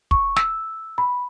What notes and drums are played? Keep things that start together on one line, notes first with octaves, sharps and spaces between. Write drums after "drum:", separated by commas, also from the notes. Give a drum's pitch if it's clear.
C#6, drum: kick
E6, drum: snare
B5